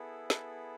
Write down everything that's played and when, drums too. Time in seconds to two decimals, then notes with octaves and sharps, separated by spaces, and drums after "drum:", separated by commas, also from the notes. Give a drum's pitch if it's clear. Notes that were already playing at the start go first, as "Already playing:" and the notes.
Already playing: B3 E4 G#4 A4
0.30 A4, drum: snare